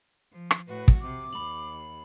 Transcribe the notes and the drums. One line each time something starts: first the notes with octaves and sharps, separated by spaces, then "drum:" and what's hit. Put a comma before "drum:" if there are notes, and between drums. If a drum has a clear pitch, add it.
F3
drum: rim click
A2 F#4 B4
drum: kick
C3 D6
D#2 B5 F#7